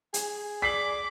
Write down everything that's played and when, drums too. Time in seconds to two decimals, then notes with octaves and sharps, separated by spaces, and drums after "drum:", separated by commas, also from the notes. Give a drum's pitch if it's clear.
0.14 G#4, drum: hi-hat
0.62 D5 D6 B6 C7 F#7